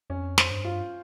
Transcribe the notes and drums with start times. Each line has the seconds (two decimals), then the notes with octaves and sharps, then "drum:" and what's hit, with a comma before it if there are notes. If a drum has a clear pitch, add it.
0.10 F2 C#4
0.38 C5, drum: snare
0.51 G2
0.65 F4